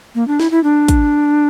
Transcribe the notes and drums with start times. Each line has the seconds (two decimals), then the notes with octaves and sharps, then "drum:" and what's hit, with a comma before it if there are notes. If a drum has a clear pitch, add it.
0.15 A#3
0.28 D4
0.40 E4, drum: snare
0.51 E4
0.64 D4
0.88 drum: kick, hi-hat